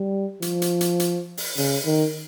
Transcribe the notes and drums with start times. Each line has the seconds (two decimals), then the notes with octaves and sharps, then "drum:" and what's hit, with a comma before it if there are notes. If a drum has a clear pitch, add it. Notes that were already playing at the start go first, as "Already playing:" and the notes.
Already playing: G3
0.42 F3, drum: hi-hat
0.62 drum: hi-hat
0.81 drum: hi-hat
1.00 drum: hi-hat
1.37 drum: open hi-hat
1.57 C#3, drum: open hi-hat
1.85 D#3